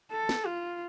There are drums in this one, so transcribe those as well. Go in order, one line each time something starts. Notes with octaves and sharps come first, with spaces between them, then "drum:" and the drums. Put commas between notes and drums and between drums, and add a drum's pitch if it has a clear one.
A4
drum: snare
F4